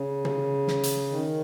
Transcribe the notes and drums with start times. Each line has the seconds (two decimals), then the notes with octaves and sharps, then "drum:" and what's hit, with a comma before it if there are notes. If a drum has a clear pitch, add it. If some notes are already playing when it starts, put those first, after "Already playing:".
Already playing: C#3
0.25 drum: tom
0.68 drum: snare
0.83 drum: hi-hat
1.10 D#3